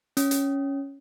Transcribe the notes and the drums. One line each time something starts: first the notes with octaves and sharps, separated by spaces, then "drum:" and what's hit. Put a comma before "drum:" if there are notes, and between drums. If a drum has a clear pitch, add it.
C#4, drum: hi-hat
drum: hi-hat